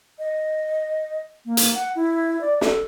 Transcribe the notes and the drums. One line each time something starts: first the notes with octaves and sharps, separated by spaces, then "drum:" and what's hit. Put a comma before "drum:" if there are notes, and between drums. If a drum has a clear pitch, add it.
D#5
A#3
drum: hi-hat
F#5
E4
D5
A4, drum: snare